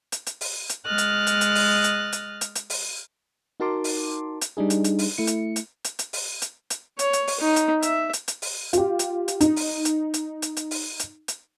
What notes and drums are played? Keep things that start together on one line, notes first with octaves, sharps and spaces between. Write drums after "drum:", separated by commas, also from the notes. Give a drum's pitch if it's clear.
drum: hi-hat
drum: hi-hat
drum: open hi-hat
drum: hi-hat
G#3 D#5 F6 F#6 A6
drum: hi-hat
drum: hi-hat
drum: hi-hat
drum: open hi-hat
drum: hi-hat
drum: hi-hat
drum: hi-hat
drum: hi-hat
drum: open hi-hat
D#4 F#4 A#4 A5 C6 D6
drum: open hi-hat
drum: hi-hat
G3 D4 D#4 G#4
drum: hi-hat
drum: hi-hat
drum: open hi-hat
A3 E4 C#7
drum: hi-hat
drum: hi-hat
drum: hi-hat
drum: hi-hat
drum: open hi-hat
drum: hi-hat
drum: hi-hat
C#5, drum: hi-hat
drum: hi-hat
drum: open hi-hat
D#4
drum: hi-hat
E5, drum: hi-hat
drum: hi-hat
drum: hi-hat
drum: open hi-hat
F4 G4, drum: hi-hat
drum: hi-hat
drum: hi-hat
D#4, drum: hi-hat
drum: open hi-hat
drum: hi-hat
drum: hi-hat
drum: hi-hat
drum: hi-hat
drum: open hi-hat
drum: hi-hat
drum: hi-hat